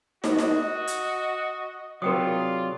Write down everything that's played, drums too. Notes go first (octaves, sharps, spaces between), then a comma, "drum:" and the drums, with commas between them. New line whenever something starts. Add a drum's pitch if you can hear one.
F#4 D#5, drum: snare
drum: snare
drum: hi-hat
C3 F#3 F4 G#4 A#4 D5 G5 D#6